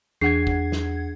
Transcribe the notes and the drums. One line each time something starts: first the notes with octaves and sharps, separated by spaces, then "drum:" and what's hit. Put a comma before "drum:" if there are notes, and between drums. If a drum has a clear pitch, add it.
E2 D4 G#4 F#5 G#6 C7
drum: kick
drum: snare